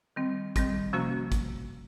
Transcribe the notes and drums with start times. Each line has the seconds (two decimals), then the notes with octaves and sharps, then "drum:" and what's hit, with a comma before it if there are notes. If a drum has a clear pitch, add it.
0.16 D#3 G3 C4
0.56 D#3 G3 C4, drum: kick, hi-hat
0.93 C3 F3 A#3 C#4 F#4
1.32 drum: kick, hi-hat